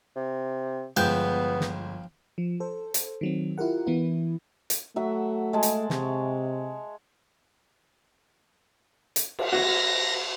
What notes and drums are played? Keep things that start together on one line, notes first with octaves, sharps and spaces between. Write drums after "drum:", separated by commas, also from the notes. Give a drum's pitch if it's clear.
C3
G1 F3 G#3 B3 G5 G6, drum: cymbal
drum: snare
F3
A4 C5
drum: hi-hat
D#3 F#3 C4
E4 F4 G4 A#4 F#5
E3 B3 E4
drum: hi-hat
F#3 A3 E5 F#5
G#3 G#4 A5
drum: hi-hat
C3 C#5, drum: snare
drum: hi-hat
drum: cymbal
F#4 A#6